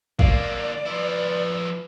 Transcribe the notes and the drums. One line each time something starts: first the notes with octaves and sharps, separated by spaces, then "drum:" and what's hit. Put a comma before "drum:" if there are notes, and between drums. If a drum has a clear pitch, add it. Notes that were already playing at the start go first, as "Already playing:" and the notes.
D3 A#3 D5 F5, drum: kick
F3 E4 B4